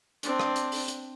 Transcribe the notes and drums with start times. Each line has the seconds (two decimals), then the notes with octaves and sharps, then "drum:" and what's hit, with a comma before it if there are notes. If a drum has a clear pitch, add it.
0.23 C4 D4, drum: hi-hat
0.40 drum: rim click
0.56 drum: hi-hat
0.72 drum: open hi-hat
0.88 drum: hi-hat